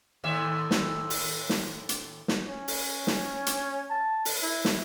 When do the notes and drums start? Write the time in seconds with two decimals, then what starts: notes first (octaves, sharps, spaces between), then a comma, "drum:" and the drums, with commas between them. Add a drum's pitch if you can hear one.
0.24 D#2 A2 E5
0.71 drum: snare
1.10 drum: open hi-hat
1.49 drum: snare
1.89 drum: hi-hat
2.28 drum: snare
2.48 C#4
2.68 drum: open hi-hat
3.07 drum: snare
3.46 drum: hi-hat
3.90 A5
4.25 drum: open hi-hat
4.42 E4
4.65 drum: snare